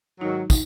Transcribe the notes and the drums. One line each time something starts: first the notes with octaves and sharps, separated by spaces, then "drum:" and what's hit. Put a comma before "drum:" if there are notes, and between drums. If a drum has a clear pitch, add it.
G#2 D#3 F#3 D#4
D#4, drum: kick, tambourine